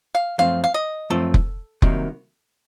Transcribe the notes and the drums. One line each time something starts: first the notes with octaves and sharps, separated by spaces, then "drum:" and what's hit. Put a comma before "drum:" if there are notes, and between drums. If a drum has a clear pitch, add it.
F5
F#2 F3 A3 C4 F4 F5
F5
D#5
F#2 F3 A3 C4 F4 A4
drum: kick F1
C2 C3 D#3 F#3 A#3, drum: kick F1